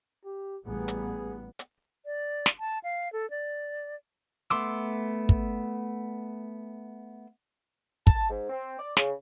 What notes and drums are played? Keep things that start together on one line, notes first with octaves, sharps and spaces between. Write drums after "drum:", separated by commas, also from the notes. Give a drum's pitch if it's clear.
G4
A1 G3 B3 G#4
drum: hi-hat
drum: hi-hat
D5
drum: snare
A5
F5
A4
D5
A3 B3 C6 D6 E6
drum: kick
A5, drum: kick
G#2
C4
D5
C#3, drum: snare